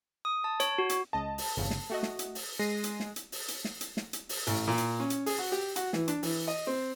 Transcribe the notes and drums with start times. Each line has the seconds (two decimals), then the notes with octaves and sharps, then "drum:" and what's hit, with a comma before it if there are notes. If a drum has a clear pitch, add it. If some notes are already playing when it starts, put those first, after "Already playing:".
0.25 D#6
0.44 A5
0.60 C#5, drum: hi-hat
0.78 F#4
0.89 drum: hi-hat
1.13 C#2 D#5 A5
1.38 drum: open hi-hat
1.57 G1 E2 C#3
1.70 drum: snare
1.90 A3 F#4 D#5
2.03 drum: snare
2.19 drum: hi-hat
2.35 drum: open hi-hat
2.59 G#3 A#6 C7 D#7
2.84 drum: hi-hat
3.00 drum: snare
3.16 drum: hi-hat
3.32 drum: open hi-hat
3.48 drum: hi-hat
3.65 drum: snare
3.81 drum: hi-hat
3.97 drum: snare
4.13 drum: hi-hat
4.29 drum: open hi-hat
4.47 A1, drum: hi-hat
4.67 A#2
4.78 drum: hi-hat
5.00 C#4
5.10 drum: hi-hat
5.26 G#4, drum: open hi-hat
5.38 F#4
5.52 G4
5.76 F#4, drum: hi-hat
5.93 E3, drum: snare
6.08 D4, drum: hi-hat
6.23 E3, drum: open hi-hat
6.47 D#5
6.67 C4